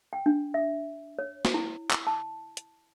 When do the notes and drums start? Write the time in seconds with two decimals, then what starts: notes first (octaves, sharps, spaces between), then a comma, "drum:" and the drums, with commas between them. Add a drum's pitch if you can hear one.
0.13 G5
0.26 D4
0.54 E5
1.19 C#5
1.45 drum: snare
1.54 E4
1.91 drum: clap
2.07 A5
2.57 drum: hi-hat